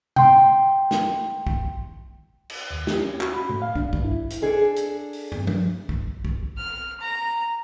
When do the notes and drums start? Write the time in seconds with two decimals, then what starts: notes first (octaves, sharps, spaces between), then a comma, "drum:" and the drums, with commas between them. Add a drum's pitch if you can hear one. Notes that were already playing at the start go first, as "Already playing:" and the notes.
0.16 G5 C6, drum: tom B2
0.91 drum: snare
1.47 drum: kick
2.50 drum: cymbal
2.70 D#2
2.87 G4, drum: snare
3.03 C#4
3.21 F#4, drum: clap
3.34 B5
3.50 A2
3.62 F5
3.75 D4, drum: kick
3.93 G2, drum: kick
4.04 E4
4.30 drum: hi-hat
4.42 D4 G#4 A4
4.76 drum: hi-hat
5.13 drum: open hi-hat
5.32 drum: tom
5.47 drum: tom
5.89 drum: kick
6.25 drum: kick
6.57 F6
7.00 A#5